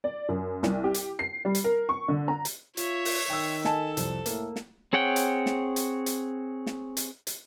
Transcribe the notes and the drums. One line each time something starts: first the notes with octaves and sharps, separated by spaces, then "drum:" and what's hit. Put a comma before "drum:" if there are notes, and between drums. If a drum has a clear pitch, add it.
D5
F#2
C2, drum: snare
G4
drum: hi-hat
C7
G3
drum: hi-hat
A#4
C#6
D3
A#5
drum: hi-hat
F4 C#5 E5, drum: hi-hat
drum: open hi-hat
D#3 G5 E6
A4 D#5 G#5 A5, drum: snare
C2 F2, drum: hi-hat
A2 A#3, drum: hi-hat
drum: snare
C4 G#4 C#5 F#5 G5
drum: hi-hat
drum: snare
drum: hi-hat
drum: hi-hat
drum: snare
drum: hi-hat
drum: hi-hat